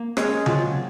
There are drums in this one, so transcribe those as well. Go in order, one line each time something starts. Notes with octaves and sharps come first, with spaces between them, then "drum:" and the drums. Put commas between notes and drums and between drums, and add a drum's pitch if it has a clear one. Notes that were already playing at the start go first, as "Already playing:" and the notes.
Already playing: A#3
G#3 C#4 G#4, drum: rim click
F#3 C4 F4, drum: tom C#3